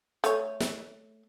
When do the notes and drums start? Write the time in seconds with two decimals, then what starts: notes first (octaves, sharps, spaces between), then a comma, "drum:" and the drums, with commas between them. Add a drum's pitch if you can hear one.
0.24 A3 C#5, drum: hi-hat
0.60 drum: snare